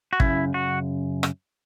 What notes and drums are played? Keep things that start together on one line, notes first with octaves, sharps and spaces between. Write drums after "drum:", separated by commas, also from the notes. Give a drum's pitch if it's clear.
F#4
F#2 C#3 E4, drum: kick
F#4
drum: rim click